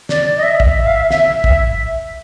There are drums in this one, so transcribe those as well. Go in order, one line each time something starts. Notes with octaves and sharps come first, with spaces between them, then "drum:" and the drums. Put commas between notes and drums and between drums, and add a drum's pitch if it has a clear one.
D5, drum: snare
D#5
E5
drum: kick
E5
F5
E5
E5, drum: snare
E5, drum: kick